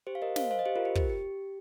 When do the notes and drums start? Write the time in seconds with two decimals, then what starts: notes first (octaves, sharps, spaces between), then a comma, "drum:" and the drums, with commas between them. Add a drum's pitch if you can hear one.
0.07 G4 C5
0.15 F5
0.22 A#4 D#5
0.36 C5 F5, drum: snare
0.51 C5 F5
0.59 D#5
0.65 G4 C5
0.76 F4 A#4
0.85 G4
0.95 G4, drum: kick
1.10 G4